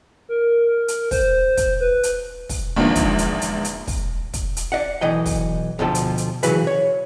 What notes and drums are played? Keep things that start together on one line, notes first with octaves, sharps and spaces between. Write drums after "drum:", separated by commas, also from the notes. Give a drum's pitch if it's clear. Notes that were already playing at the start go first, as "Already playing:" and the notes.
A#4
drum: hi-hat
C5, drum: kick, open hi-hat
drum: kick, hi-hat
B4
drum: hi-hat
drum: kick, open hi-hat
A#1 E2 G#2 D3 D#3 F3
drum: kick, hi-hat
drum: hi-hat
drum: hi-hat
drum: hi-hat
drum: kick, open hi-hat
drum: kick, hi-hat
drum: hi-hat
D5 D#5 F#5
B1 E3 D#5 G5
drum: kick, open hi-hat
D2 B2 F3 A4 G5
drum: hi-hat
drum: hi-hat
C#3 E3 F#3 B4, drum: hi-hat
C#5